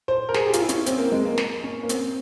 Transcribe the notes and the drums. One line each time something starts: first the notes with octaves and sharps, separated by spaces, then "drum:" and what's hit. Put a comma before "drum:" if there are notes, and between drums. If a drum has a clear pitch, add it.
C5
A#4
G#4, drum: snare
G4
F4, drum: hi-hat
E4
C#4, drum: hi-hat
C4, drum: hi-hat
A#3
G#3
A#3
drum: snare
C#4
A#3
C4, drum: hi-hat